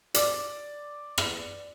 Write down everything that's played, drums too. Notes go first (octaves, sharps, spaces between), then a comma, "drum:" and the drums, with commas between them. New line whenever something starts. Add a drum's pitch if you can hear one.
D5 D6, drum: hi-hat
drum: rim click